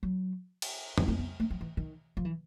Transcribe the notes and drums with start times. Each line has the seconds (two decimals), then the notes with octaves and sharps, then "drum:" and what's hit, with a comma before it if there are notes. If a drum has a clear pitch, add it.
0.03 F#3
0.62 drum: cymbal
0.98 F3, drum: tom F2
1.08 A3
1.19 B3
1.40 A3
1.51 F3
1.61 E3
1.77 D#3
2.17 F3
2.25 E3